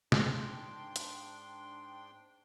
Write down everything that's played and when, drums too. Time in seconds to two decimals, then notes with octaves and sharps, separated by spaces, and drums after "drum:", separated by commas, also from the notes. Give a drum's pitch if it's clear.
0.12 G#2 D4 G5 C6, drum: snare
0.96 drum: hi-hat